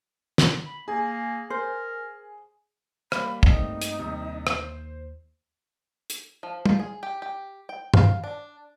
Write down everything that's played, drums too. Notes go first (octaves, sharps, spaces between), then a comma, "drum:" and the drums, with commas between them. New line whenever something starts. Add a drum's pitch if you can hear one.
drum: snare
B5
A#3 G#4
A#4 C5
G3 A#3 F5 B5 B6, drum: rim click
G2 A3 C4 D#4, drum: kick
drum: hi-hat
D#2 C3 G3
C5, drum: rim click
drum: hi-hat
F3
F4, drum: tom
G#4
G4
G4
G5
F5, drum: tom
D4